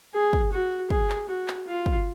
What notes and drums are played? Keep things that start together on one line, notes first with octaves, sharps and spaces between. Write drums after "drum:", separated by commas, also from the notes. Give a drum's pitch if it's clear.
G#4
drum: kick
F#4
G#4, drum: kick
drum: clap
F#4
drum: clap
F4
drum: kick